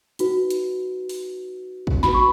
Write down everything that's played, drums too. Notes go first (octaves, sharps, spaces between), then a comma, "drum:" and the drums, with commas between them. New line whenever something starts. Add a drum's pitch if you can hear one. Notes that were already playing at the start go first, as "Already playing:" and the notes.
D#4 F#4 B4, drum: hi-hat
drum: hi-hat
drum: open hi-hat
drum: kick
D#4 F#4 B4 B5, drum: snare
C#6